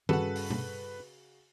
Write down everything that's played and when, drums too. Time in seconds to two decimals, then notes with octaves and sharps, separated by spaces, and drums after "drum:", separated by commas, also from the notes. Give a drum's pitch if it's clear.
0.09 G2 C#3 G3 C#4 F#4 A4 B4 F#5, drum: tom D#3
0.36 drum: open hi-hat
0.50 drum: tom B2